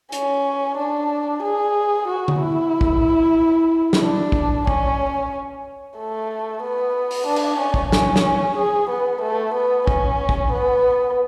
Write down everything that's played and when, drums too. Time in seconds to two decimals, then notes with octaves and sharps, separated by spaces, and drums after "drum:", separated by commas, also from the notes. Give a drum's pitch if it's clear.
0.12 C#4, drum: hi-hat
0.77 D4
1.42 G#4
2.07 F#4
2.28 drum: tom
2.39 E4
2.81 drum: kick
3.93 drum: snare
4.02 D4
4.32 drum: kick
4.67 C#4, drum: kick
5.97 A3
6.63 B3
7.11 drum: open hi-hat
7.27 D4
7.36 drum: cymbal
7.59 C#4
7.74 drum: kick
7.92 C#4, drum: snare
8.16 drum: snare
8.57 G#4
8.90 B3
9.21 A3
9.54 B3
9.87 C#4, drum: kick
10.29 drum: kick
10.52 B3